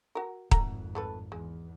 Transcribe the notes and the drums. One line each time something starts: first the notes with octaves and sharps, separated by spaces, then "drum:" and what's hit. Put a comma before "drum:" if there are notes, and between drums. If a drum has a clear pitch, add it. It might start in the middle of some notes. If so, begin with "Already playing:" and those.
F#4 A#4
G#1 F2 A3 F#5 A#5, drum: kick D#1
A3 A4 B4
E2 G#3